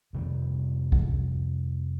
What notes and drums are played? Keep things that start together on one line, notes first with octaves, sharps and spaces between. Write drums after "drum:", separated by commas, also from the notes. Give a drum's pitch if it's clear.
F2 C3 D#3 G3
drum: kick C#2